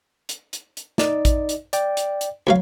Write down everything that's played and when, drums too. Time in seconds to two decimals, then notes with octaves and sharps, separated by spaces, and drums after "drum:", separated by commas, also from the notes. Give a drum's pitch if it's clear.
0.29 drum: hi-hat
0.53 drum: hi-hat
0.77 drum: hi-hat
0.98 D#4 D5 D#5, drum: snare
1.25 drum: kick A1, hi-hat
1.49 drum: hi-hat
1.73 D5 G5, drum: hi-hat
1.97 drum: hi-hat
2.21 drum: hi-hat
2.47 D2 F#3 F5